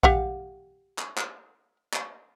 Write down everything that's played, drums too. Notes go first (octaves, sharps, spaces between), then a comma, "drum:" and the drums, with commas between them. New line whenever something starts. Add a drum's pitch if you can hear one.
G4 F5 F#5, drum: kick A#1
drum: clap
drum: clap
drum: clap